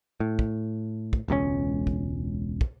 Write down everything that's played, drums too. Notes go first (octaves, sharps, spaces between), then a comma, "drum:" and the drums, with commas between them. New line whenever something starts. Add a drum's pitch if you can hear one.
A2
drum: kick
drum: kick
E1 C#2 B2 C#4
drum: kick
drum: kick